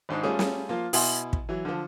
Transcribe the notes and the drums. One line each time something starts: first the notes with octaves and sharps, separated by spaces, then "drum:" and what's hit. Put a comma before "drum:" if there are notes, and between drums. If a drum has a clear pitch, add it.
G#1 G#2 D4 D#4
G3 A3 C#4 F4 G#4
drum: snare
F3 A#3 F4
B2 E4 F#5 G#5 C6, drum: open hi-hat
drum: kick
E3 F#3
D3 F3